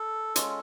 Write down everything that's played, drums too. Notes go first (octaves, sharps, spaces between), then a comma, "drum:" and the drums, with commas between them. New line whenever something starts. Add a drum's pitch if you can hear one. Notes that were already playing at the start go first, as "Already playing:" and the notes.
Already playing: A4
G#3 C#4 F4, drum: hi-hat